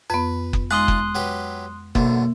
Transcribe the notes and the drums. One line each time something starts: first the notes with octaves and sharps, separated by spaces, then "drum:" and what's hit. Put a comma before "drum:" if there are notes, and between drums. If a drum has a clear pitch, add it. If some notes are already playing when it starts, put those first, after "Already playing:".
F2 B3 B4
drum: kick F#1
G#3 D#4 F4 C6 D#6 F#6
drum: kick F#1
F#3 G4 B4
B1 B2 D3 A#3, drum: kick F#1